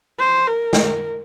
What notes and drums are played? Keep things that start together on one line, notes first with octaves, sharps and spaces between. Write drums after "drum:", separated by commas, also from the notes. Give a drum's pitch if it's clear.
C5
A#4
drum: snare